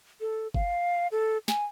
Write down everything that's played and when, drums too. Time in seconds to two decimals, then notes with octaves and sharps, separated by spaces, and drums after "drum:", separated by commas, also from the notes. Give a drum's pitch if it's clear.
0.21 A4
0.54 F5, drum: kick
1.12 A4
1.48 G#5, drum: snare